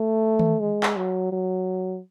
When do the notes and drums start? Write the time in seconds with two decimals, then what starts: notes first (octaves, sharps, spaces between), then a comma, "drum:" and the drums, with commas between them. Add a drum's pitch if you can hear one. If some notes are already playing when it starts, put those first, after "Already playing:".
Already playing: A3
0.39 drum: tom D#3
0.60 G#3
0.83 drum: clap
0.96 F#3
1.32 F#3